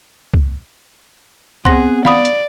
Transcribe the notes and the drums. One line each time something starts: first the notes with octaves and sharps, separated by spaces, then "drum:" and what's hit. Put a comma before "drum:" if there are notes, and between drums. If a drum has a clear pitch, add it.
drum: kick
B3 C4 G#4 F#5 C6 A#6, drum: kick
D5 F5 B5 D#6, drum: snare
drum: hi-hat